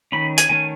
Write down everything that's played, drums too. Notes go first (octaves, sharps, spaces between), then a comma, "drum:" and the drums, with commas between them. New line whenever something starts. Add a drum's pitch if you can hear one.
D#3 A3 C#4 B5
G#5, drum: hi-hat
D#3 A3 C#4 G#5